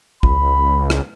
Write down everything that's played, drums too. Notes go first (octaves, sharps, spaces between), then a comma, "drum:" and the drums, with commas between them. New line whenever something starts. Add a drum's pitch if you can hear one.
C#2 B5, drum: kick A1
drum: rim click